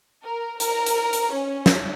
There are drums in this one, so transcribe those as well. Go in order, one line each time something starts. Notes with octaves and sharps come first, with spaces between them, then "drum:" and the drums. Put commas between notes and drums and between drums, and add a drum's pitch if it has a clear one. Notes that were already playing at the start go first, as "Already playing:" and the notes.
A#4
A#4, drum: hi-hat
drum: hi-hat
drum: hi-hat
C#4
drum: snare